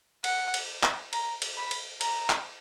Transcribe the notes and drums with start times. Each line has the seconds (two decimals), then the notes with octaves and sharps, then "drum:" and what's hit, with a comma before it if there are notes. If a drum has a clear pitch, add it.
0.24 F#5, drum: cymbal
0.54 drum: cymbal
0.83 drum: clap
1.13 A#5, drum: cymbal
1.42 drum: cymbal
1.57 B5
1.71 drum: cymbal
2.01 A#5, drum: cymbal
2.30 drum: clap